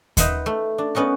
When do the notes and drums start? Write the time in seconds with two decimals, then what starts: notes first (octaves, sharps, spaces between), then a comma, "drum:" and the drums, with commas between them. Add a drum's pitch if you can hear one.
0.17 D#4 B4 D#5 E5 F#5 C6, drum: kick D#2, hi-hat
0.46 A3
0.78 D4
0.95 B3 C#4 D#4 F#4